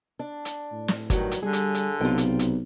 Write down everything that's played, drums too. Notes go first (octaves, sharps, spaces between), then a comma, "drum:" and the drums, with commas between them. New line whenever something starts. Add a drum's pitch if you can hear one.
D4
drum: hi-hat
A2
drum: snare
G2 D#3 F#3, drum: kick G1, hi-hat
drum: hi-hat
D3 G3 G#4
drum: hi-hat
drum: hi-hat
B1 C3 F4 G5
drum: hi-hat
drum: hi-hat